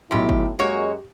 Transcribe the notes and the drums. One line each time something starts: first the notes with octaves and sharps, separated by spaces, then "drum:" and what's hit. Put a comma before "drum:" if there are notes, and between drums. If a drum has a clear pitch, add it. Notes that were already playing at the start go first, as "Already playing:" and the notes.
B1 F#2 A2 E4 G4 B5 C6
drum: kick G1
F#2 G#3 A#3 F#4 G4 C#5